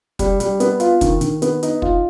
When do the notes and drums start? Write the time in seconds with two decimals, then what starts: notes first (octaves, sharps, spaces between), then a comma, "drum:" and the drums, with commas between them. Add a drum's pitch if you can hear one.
0.19 G3, drum: kick, hi-hat
0.40 G3, drum: hi-hat
0.60 B3, drum: hi-hat
0.80 F4, drum: hi-hat
1.01 D#3, drum: kick, hi-hat
1.21 D#3, drum: hi-hat
1.42 B3, drum: hi-hat
1.63 D#4, drum: hi-hat
1.82 F4, drum: kick